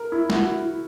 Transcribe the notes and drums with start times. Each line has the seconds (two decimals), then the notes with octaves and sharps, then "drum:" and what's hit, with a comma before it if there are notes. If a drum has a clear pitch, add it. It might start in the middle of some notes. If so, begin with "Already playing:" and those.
Already playing: A#4
0.12 E4
0.30 F#4, drum: snare
0.36 E4
0.59 E4